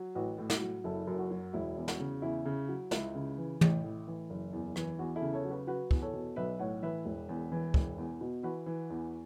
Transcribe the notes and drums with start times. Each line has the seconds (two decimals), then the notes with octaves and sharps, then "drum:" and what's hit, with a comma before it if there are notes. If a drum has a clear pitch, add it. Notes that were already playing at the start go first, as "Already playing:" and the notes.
Already playing: F#3
0.15 A1 F#4 B4
0.38 A2
0.50 F#4, drum: snare
0.62 F#3
0.84 F#1 E4 A4
1.07 F#2
1.19 F#4
1.31 F#3
1.53 E1 E4
1.77 E2
1.88 F#4, drum: snare
2.00 C#3
2.22 E2 E4
2.45 C#3
2.69 F#3
2.91 C#2 E4, drum: snare
3.15 C#3
3.38 E3
3.61 A1, drum: tom
3.84 A2
4.07 E3
4.30 F#1
4.53 E2
4.76 E3, drum: rim click
4.99 E2 F#4
5.16 E4 A4
5.21 C#3
5.33 A4 C#5
5.45 F#3
5.50 F#4 B4
5.67 F#3 F#4 B4
5.91 E2, drum: kick
6.02 A4 C#5
6.13 B2
6.36 B1 B4 E5
6.59 A2 C#5 F#5
6.82 E3 B4 E5
7.05 E1
7.29 E2
7.52 E3
7.74 E1, drum: kick
7.98 E2
8.21 B2
8.43 E3 F#4 B4
8.66 E3
8.90 E2